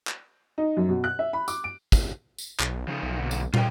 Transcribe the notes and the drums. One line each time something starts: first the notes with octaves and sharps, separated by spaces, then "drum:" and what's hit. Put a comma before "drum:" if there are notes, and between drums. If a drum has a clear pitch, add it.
drum: clap
D#4
F#2
B2
F#6
E5
B5
D6, drum: tambourine
D7
drum: kick, tambourine
drum: tambourine
B1, drum: clap
C#3 F3 D#4
B1
A#2 D3
drum: tambourine
F4 G5, drum: tom